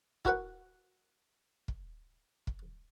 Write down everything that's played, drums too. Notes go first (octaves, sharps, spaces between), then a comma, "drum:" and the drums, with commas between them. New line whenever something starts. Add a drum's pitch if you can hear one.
E4 F#4 A#4 B4 F#5, drum: kick
drum: kick
drum: kick